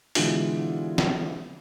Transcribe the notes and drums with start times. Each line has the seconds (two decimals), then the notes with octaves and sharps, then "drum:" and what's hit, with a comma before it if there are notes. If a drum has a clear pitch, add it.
0.15 B2 D3 E3 G#3 F4, drum: open hi-hat
0.98 drum: snare